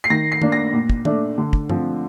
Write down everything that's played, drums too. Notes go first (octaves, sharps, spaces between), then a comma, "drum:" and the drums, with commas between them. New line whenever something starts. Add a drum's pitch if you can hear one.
C7
D#3 A#6
C7
A#3 D4, drum: tom
A#6
A#2
drum: kick
A3 D4, drum: tom
D3
drum: kick
F3 C4, drum: tom G2